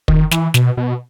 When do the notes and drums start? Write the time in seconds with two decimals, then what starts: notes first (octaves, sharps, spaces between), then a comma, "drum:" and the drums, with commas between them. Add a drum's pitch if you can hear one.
0.08 D#3, drum: kick
0.31 E3, drum: snare
0.54 B2, drum: snare
0.77 B2